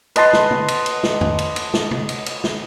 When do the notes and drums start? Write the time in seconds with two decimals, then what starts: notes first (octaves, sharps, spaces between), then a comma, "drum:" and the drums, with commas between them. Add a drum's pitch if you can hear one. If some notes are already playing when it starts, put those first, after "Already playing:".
0.16 B4 D#5 A5 C6, drum: cymbal
0.33 drum: snare
0.51 drum: tom
0.68 drum: cymbal
0.86 drum: cymbal
1.03 drum: snare
1.21 drum: tom
1.39 drum: cymbal
1.56 drum: cymbal
1.74 drum: snare
1.91 drum: tom
2.09 drum: cymbal
2.26 drum: cymbal
2.44 drum: snare